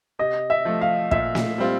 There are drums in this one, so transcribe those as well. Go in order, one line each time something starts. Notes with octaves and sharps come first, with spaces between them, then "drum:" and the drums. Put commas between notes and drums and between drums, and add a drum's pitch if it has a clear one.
C3 D#5
E5
F3 A3
F5
A#2 E5, drum: kick
drum: snare
G3 C4 F4